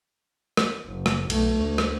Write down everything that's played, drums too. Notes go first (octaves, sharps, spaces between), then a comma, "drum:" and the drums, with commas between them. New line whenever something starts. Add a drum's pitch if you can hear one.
drum: rim click
F#1
drum: rim click
B1 A3, drum: cymbal
D2
drum: rim click